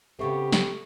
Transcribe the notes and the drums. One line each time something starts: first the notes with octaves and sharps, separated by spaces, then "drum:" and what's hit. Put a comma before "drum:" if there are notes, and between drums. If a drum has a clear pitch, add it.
C#3 B3 C4 G4 A4 E5 C#6
drum: snare